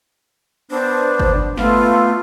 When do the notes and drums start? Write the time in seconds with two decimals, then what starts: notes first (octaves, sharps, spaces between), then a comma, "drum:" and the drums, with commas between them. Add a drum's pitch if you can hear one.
0.71 B3 D4 C5
1.20 drum: kick G1
1.57 A3 B3 F4, drum: snare